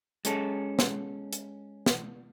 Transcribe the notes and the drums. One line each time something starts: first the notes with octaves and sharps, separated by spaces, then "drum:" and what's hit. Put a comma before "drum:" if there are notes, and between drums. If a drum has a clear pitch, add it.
G#3 C#4 A4, drum: hi-hat
drum: snare
drum: hi-hat
drum: snare